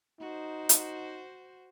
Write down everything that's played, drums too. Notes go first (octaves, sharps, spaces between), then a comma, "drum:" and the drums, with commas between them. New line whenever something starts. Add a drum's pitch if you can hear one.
D#4 F#4 C5
drum: hi-hat